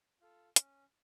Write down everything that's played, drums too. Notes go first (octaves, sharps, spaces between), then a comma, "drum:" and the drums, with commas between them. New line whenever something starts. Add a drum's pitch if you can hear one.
F4 A4
C#4, drum: hi-hat